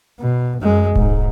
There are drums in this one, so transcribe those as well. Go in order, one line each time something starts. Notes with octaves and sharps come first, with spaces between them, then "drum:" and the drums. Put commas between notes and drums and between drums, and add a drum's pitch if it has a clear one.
B2
F#2 G#3
B1 G#2, drum: kick D1